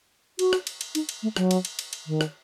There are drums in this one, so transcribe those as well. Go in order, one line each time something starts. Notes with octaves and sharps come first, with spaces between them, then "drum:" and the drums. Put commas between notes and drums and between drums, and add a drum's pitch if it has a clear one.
F#4, drum: cymbal
drum: rim click
drum: cymbal
drum: cymbal
D#4, drum: cymbal
drum: cymbal
A3
F#3, drum: rim click
drum: cymbal
drum: cymbal
drum: cymbal
drum: cymbal
D#3
drum: rim click